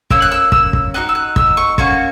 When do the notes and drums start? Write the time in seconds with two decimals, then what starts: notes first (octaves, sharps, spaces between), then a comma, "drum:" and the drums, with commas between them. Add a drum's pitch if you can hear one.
0.10 A#3 C#4 E6, drum: kick
0.22 F#6
0.32 E6
0.52 E6, drum: kick
0.73 drum: kick
0.94 B3 D#4 F#4 F#6
1.09 E6
1.15 F#6
1.36 E6, drum: kick
1.57 C#6
1.78 A#3 C#4 F#4 C#6, drum: kick